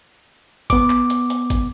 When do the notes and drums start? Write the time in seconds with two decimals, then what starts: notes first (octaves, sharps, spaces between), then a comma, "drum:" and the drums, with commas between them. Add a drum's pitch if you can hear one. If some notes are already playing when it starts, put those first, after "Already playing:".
0.70 B3 D6, drum: kick, hi-hat
0.90 drum: clap
1.10 drum: hi-hat
1.30 drum: hi-hat
1.50 drum: kick, hi-hat